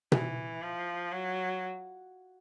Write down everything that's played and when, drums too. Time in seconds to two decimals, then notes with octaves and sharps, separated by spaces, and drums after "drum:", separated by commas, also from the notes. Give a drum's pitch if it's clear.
0.12 E3, drum: tom B2
0.62 F3
1.12 F#3